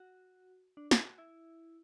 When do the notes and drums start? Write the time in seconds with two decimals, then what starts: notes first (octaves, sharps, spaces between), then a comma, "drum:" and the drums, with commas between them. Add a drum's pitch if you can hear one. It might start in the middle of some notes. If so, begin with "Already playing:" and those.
Already playing: F#4
0.77 D4
0.91 E4, drum: snare
1.05 F#4
1.18 E4